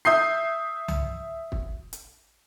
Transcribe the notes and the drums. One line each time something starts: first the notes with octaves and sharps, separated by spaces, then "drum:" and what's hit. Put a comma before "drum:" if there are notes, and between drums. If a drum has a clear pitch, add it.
E5 D#6 G6 C7
drum: tom C2
drum: kick
drum: hi-hat